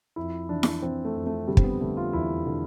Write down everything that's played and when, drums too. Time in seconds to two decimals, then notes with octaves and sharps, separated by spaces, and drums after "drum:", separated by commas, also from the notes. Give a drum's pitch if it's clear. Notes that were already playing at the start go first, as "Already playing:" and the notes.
0.16 F2 E4
0.49 E3 D4
0.63 drum: snare E4
0.82 E3 C4
1.05 A3
1.16 F2
1.26 A3
1.48 D3 G3
1.57 C4, drum: kick
1.64 B3
1.81 D3 A3
1.97 F4
2.13 E2 E4
2.46 D3